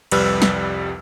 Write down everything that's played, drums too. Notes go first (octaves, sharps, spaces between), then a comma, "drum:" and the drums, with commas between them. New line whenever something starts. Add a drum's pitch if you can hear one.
C2 F2 G3 B4 E6 F6, drum: cymbal
drum: snare